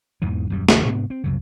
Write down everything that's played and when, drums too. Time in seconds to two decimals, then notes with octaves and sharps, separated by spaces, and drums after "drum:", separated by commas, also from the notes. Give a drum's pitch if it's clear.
0.22 E2 G#2 B2 E3
0.50 D#1 F#2 G3
0.69 F1 D#2 E3, drum: snare
0.86 G#2 C3 B3 D4
1.10 C4
1.24 C2 F#2 C#3